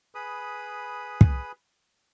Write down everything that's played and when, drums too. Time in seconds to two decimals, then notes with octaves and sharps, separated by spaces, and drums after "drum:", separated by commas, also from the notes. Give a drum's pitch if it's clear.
0.15 G#4 B4 B5 D#6
1.21 drum: kick